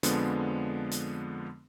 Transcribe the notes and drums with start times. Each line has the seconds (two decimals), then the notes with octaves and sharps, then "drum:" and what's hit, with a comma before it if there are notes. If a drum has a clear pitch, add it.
0.03 F2 D3 F3 G#3 B3 D4, drum: hi-hat
0.91 drum: hi-hat